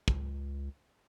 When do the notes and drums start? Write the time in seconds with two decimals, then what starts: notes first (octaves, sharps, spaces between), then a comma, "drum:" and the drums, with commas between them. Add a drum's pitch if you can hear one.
0.08 C#2, drum: kick